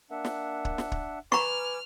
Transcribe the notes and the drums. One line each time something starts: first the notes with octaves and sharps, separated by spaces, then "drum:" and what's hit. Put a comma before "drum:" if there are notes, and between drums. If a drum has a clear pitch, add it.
A#3 D4 E5 F#5
drum: snare
drum: kick
drum: snare
drum: kick
B4 G#5 A#5 C#6 D6 F6, drum: snare